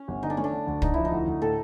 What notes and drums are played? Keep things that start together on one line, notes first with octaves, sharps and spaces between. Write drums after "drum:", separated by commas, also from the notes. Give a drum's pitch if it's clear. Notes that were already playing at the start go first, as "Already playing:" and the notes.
Already playing: C#4
G1
D3 D#4
D4
A3 C#4
D4
D3
D2
D3 D#4, drum: kick
F3 E4
D#4
D2
D2
A2 A4